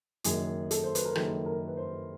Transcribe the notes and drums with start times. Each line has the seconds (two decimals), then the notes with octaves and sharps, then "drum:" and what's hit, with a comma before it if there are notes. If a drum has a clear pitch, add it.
0.24 F#1 F#2 D#3 G#3 G#4, drum: hi-hat
0.71 A4, drum: hi-hat
0.84 C5
0.95 B4, drum: hi-hat
1.05 A#4
1.15 F#1 F#2 D#3 G#3 A4, drum: rim click
1.46 A#4
1.68 B4
1.77 C5